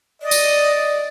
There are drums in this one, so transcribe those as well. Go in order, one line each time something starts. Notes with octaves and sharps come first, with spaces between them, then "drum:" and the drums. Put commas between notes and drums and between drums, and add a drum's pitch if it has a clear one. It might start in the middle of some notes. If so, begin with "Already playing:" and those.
D5 D#5
drum: tambourine